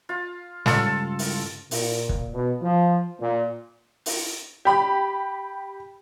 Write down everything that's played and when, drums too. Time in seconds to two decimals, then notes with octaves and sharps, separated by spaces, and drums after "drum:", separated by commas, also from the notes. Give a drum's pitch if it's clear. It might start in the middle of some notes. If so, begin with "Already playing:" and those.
0.09 F4
0.66 G2 C#3 G#3 F4 A4, drum: snare
1.19 drum: open hi-hat
1.71 A#2, drum: open hi-hat
2.09 drum: kick
2.33 B2
2.62 F3
3.20 A#2
4.06 drum: open hi-hat
4.65 G4 B5